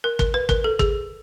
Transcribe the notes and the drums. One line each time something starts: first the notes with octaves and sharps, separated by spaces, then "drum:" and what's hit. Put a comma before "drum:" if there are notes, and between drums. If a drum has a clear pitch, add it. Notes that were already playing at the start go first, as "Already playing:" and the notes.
A#4
A#4, drum: kick
B4
A#4, drum: kick
A4
G#4, drum: kick